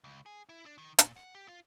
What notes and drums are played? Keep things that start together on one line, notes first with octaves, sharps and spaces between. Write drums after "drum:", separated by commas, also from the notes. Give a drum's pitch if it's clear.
C#2
G#4
E4
D4
D#3
A#2, drum: hi-hat
F#5
G4
F4